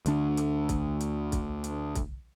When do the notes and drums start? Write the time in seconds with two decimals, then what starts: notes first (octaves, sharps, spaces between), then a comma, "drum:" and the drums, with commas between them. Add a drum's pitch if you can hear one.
0.06 D2 D3 D4, drum: hi-hat
0.37 drum: hi-hat
0.69 drum: kick, hi-hat
1.00 drum: hi-hat
1.32 drum: kick, hi-hat
1.64 drum: hi-hat
1.95 drum: kick, hi-hat